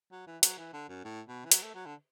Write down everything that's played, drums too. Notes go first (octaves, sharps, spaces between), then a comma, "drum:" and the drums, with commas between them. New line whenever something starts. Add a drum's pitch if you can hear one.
F#3
E3
F#3, drum: hi-hat
E3
D3
F#2
A2
B2
E3
F#3, drum: hi-hat
A3
F#3
D3